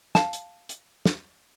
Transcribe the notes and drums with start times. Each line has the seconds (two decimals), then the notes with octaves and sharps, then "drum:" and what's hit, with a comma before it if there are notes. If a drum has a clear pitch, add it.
0.15 F5 A5, drum: snare
0.33 drum: hi-hat
0.69 drum: hi-hat
1.06 drum: snare